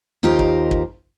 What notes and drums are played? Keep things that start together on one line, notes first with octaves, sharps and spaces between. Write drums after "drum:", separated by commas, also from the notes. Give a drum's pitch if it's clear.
D#2 D#4 F4 G4 A#4 C5
drum: kick
drum: kick